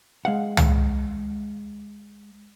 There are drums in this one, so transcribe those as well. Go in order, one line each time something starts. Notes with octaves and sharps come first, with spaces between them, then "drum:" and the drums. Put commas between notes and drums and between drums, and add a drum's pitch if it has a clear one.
G#3 F5 F#5
drum: tom